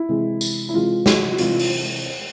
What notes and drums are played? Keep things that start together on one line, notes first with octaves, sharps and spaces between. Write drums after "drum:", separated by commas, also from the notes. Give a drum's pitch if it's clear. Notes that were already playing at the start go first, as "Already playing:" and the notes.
Already playing: E4
C3 E3 G#3
drum: tambourine
E4
C3 E3 G#3 F4
F#4, drum: snare
F#4
C3 E3 G#3 F4, drum: hi-hat
drum: open hi-hat